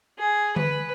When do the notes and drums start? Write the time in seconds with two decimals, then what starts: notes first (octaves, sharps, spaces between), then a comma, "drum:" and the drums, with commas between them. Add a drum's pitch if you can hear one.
0.18 G#4
0.56 B4, drum: tom D3